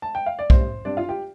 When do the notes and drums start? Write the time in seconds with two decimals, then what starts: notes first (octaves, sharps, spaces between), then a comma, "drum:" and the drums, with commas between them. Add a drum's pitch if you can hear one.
0.02 A5
0.15 G5
0.26 F5
0.39 D5
0.50 A1 A2 G3 C5, drum: kick B1
0.85 G2 G3 C4 D4 D5
0.97 F4 F5
1.09 G4 G5